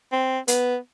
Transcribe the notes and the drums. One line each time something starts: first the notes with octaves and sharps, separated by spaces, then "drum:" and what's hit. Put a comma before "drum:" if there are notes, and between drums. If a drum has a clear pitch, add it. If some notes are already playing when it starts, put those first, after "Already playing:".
C4
B3, drum: hi-hat